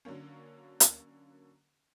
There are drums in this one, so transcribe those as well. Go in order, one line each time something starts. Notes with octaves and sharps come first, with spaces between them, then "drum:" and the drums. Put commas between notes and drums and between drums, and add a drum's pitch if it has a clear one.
D3 F#3 A#3 C#4
drum: hi-hat